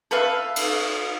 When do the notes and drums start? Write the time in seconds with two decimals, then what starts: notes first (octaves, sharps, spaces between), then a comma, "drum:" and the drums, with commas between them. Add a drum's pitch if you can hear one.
0.11 A4 B4 E5 F5
0.56 drum: cymbal